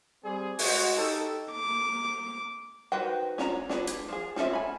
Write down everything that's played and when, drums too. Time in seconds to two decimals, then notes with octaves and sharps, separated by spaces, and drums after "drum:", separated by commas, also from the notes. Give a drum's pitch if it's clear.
0.24 G3 C4 G#4
0.59 G#3 F#4, drum: open hi-hat
0.97 D#4 G4 A4
1.52 D6
2.92 D#3 F#4 B4 C5 G5
3.38 C#4 D4 A#5, drum: snare
3.69 D4 G#4 B4, drum: snare
3.87 drum: hi-hat
4.08 F3 G#4
4.36 C4 C#4 A4 E5, drum: snare
4.53 G#5 B5